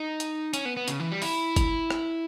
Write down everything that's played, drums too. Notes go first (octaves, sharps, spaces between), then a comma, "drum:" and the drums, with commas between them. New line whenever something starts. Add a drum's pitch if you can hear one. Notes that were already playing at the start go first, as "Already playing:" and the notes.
Already playing: D#4
drum: hi-hat
C#4, drum: hi-hat
B3
B3
C#3, drum: hi-hat
E3
G3
E4, drum: open hi-hat
drum: kick G1, hi-hat
drum: rim click